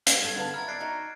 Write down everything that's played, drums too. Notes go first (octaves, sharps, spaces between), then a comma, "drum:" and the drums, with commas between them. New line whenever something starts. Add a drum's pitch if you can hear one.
F6 B6, drum: hi-hat
G2 A4 G#6 A6
D3 B3 B4 F5 A5
F#3 E4 B5 F6 A6
D5 E5 F#6 C7 D7
D#4 F#4